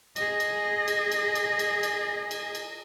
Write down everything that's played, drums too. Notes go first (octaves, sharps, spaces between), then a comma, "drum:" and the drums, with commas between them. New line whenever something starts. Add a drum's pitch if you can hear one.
G#4 D#5, drum: cymbal
drum: cymbal
drum: cymbal
drum: cymbal
drum: cymbal
drum: cymbal
drum: cymbal
drum: cymbal
drum: cymbal